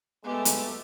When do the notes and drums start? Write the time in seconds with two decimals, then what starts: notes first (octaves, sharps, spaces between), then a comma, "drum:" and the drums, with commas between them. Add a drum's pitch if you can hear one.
0.24 G#3 A3 B3 G4
0.45 drum: hi-hat